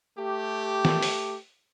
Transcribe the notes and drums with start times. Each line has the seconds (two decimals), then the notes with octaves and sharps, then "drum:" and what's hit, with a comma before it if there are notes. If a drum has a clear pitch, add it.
0.19 A3 G4
0.85 drum: snare
1.02 drum: open hi-hat